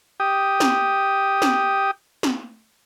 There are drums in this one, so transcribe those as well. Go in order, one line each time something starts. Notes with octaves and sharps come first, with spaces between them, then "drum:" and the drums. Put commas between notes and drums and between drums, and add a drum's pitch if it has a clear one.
G4 D#6
drum: snare
drum: snare
drum: snare